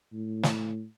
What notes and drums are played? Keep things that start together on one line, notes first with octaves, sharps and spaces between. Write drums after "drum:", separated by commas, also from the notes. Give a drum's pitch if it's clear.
A2
drum: snare